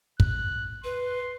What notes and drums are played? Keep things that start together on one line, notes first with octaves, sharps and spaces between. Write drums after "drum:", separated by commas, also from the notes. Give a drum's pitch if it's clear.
F#6, drum: kick
B4 C6